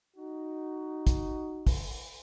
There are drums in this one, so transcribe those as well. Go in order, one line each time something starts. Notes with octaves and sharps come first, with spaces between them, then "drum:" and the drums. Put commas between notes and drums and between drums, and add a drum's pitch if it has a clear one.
D#4 F#4
drum: kick, hi-hat
drum: kick, open hi-hat